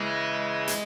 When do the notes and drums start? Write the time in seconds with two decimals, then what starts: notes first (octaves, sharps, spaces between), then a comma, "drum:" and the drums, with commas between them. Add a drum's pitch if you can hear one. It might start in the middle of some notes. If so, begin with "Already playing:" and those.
Already playing: C#3 E3 G#3
0.68 drum: hi-hat